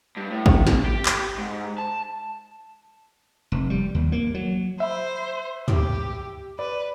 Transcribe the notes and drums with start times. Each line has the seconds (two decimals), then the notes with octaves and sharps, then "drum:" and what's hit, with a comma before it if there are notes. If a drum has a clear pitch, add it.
0.17 G2
0.30 A2
0.46 drum: kick
0.67 drum: snare
0.85 G4
1.06 drum: clap
1.38 G#2
1.78 A5
3.52 F1
3.70 G3
3.95 D#2
4.12 A#3
4.34 F#3
4.80 C5 E5 B5
5.68 G4, drum: tom
6.59 B4 D5